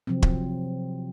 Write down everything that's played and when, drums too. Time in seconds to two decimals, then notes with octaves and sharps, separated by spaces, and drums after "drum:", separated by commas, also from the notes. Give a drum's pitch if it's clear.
0.07 C3 F3 F#3 C4
0.22 drum: kick